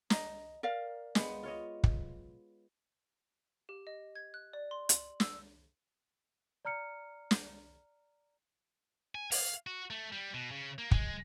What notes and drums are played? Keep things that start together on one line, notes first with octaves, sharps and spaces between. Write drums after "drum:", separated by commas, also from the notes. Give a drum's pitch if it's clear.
D#5 A#5, drum: snare
A#4 D5 F5
G#3 B3, drum: snare
F4 C#5 D#5
drum: kick
G4
D#5
G#6
F#6
D5
C6
F#7, drum: hi-hat
E6, drum: snare
D5 A#5 F6 C#7
drum: snare
G#5
F5, drum: open hi-hat
F#4
A3
G3
B2
C#3
A#3
G#3, drum: kick